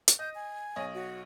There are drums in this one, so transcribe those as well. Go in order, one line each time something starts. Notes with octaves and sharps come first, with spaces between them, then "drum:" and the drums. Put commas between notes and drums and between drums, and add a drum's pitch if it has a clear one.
drum: hi-hat
D#5 G6
G#5
B1 C#5 D#5
F#4